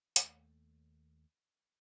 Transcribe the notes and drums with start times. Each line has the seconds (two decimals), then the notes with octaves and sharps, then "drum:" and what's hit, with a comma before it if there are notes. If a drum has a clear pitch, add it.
0.16 D#2 A3, drum: hi-hat